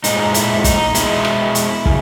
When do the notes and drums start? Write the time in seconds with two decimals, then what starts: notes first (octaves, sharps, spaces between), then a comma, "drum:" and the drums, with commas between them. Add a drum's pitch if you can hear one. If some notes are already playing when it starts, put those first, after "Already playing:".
0.04 A#2 G#3 D#4, drum: hi-hat
0.34 E4, drum: hi-hat
0.64 D#4, drum: kick, hi-hat
0.95 B2 G#3 E4, drum: hi-hat
1.25 drum: rim click
1.55 drum: hi-hat
1.86 C#3, drum: kick